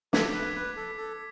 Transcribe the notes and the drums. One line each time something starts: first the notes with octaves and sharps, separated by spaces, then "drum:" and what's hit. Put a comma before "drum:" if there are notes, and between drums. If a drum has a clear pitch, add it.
A4 D6 G#6 B6, drum: snare
B4
B4
A4
A4